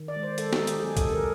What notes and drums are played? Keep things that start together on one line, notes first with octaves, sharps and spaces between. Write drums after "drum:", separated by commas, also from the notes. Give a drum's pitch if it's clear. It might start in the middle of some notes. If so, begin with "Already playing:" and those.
Already playing: D#3
D5
G#3
C5
G#3 A4, drum: hi-hat
D#4, drum: snare
G#3
G4, drum: hi-hat
F#3 G#4
A4, drum: kick B1, hi-hat
C3
A#4